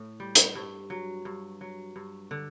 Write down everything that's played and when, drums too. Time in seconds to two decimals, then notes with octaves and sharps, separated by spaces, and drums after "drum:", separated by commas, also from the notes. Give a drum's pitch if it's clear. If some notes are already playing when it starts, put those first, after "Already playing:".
Already playing: A2
0.20 G3
0.35 drum: hi-hat
0.55 G2
0.90 F#3
1.25 G2
1.61 F#3
1.96 G2
2.31 D3